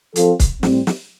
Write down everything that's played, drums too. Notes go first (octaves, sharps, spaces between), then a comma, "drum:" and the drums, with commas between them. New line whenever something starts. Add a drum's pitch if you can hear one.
F3 C4 F4 A4, drum: hi-hat
drum: kick, hi-hat
A2 G3 C4, drum: snare
drum: snare